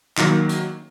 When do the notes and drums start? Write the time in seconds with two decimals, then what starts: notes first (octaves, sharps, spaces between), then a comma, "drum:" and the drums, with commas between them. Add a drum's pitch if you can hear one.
0.17 D#3 F#3 A#3, drum: clap
0.49 drum: hi-hat